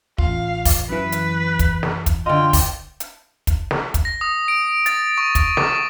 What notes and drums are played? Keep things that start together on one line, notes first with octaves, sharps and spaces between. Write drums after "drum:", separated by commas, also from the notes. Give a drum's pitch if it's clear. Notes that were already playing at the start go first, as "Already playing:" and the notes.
A1 F4 F5, drum: kick
drum: kick, open hi-hat
F#2 E3 B4
drum: hi-hat
drum: kick, hi-hat
drum: snare
drum: kick, hi-hat
D3 F4 D#5 G5
drum: kick, open hi-hat
drum: hi-hat
drum: kick, hi-hat
drum: snare
drum: kick, hi-hat
A#6
D#6
D7
A6, drum: hi-hat
C#6
drum: kick, hi-hat
D6, drum: snare